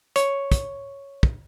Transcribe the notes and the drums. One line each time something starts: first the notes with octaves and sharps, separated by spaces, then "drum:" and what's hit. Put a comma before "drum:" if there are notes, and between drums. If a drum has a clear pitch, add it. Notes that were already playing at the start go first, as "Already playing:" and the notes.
C#5, drum: hi-hat
drum: kick, hi-hat
drum: kick